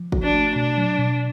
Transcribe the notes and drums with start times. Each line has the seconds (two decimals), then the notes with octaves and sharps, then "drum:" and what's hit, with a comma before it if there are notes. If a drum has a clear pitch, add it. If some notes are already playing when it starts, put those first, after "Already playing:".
Already playing: F3
0.12 F#4, drum: kick
0.23 D4
0.34 A3
0.56 B2 D4
0.78 F#3
0.98 B2